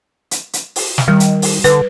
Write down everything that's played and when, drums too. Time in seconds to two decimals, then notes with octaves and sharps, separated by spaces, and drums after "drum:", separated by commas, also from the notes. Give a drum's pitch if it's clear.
0.31 drum: hi-hat
0.53 drum: hi-hat
0.76 drum: open hi-hat
0.98 drum: snare
1.08 D#3 G3
1.20 drum: hi-hat
1.42 drum: open hi-hat
1.64 D3 B4, drum: hi-hat